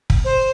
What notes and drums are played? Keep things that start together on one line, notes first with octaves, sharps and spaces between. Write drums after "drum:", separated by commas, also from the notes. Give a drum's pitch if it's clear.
drum: kick
C5